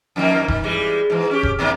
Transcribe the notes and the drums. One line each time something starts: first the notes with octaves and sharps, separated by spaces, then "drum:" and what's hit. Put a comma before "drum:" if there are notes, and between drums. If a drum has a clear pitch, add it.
F2 D#3 A#3
D#3, drum: kick E1
E3 G3 G#3
G#2 E3
C#4 G4
drum: kick E1
B2 D#3 A#3